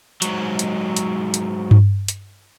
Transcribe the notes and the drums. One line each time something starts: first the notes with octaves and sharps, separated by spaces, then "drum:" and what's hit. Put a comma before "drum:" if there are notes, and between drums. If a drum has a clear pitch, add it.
G#2 F#3, drum: hi-hat
drum: hi-hat
drum: hi-hat
drum: hi-hat
drum: tom G2
drum: hi-hat